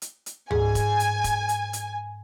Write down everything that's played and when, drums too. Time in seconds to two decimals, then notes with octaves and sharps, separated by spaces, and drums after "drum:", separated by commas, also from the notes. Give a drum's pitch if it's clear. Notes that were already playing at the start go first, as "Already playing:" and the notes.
0.02 drum: hi-hat
0.26 drum: hi-hat
0.51 G#2 G#4 G#5, drum: tom
0.75 drum: kick E1, hi-hat
1.00 drum: hi-hat
1.24 drum: kick E1, hi-hat
1.49 drum: hi-hat
1.73 drum: hi-hat